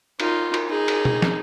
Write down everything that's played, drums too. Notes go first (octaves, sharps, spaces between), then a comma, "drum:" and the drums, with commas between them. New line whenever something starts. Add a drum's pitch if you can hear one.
D#4 F4, drum: cymbal
drum: cymbal
D#4 G#4
drum: cymbal
drum: tom
drum: snare